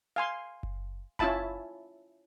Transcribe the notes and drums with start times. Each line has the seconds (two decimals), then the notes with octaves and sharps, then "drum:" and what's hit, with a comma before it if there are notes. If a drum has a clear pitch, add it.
0.16 F5 G#5 C6
0.63 drum: kick F#1
1.19 C#4 E4 F4 E5 A5 B5, drum: kick F#1